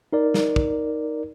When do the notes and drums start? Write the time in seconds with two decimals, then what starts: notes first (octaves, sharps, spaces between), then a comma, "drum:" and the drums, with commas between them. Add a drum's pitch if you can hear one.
0.13 D#4 A#4 D5
0.34 drum: snare
0.56 drum: kick